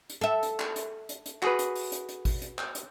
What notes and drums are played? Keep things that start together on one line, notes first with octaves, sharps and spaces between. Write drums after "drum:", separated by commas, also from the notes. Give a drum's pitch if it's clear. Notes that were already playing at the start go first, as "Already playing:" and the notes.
drum: hi-hat
A4 E5
drum: hi-hat
drum: clap
drum: hi-hat
drum: hi-hat
drum: hi-hat
F#4 G#4 B4, drum: clap
drum: hi-hat
drum: open hi-hat
drum: hi-hat
drum: hi-hat
drum: kick G#1, open hi-hat
drum: hi-hat
drum: clap
drum: hi-hat